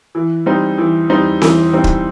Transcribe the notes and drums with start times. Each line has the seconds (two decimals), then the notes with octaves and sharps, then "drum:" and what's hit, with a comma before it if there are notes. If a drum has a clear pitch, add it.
0.15 E3
0.46 G3 C4 D#4
0.78 E3
1.10 G3 C4 D#4
1.42 E3, drum: snare C4
1.73 G3 C4 D#4
1.84 drum: kick